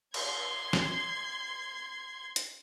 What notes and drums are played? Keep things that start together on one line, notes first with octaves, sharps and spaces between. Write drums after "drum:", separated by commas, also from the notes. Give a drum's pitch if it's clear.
C6 G#6, drum: cymbal
drum: snare
drum: hi-hat